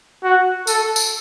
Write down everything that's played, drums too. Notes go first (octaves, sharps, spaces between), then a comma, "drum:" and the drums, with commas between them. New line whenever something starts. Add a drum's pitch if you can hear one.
F#4
A4, drum: tambourine
drum: tambourine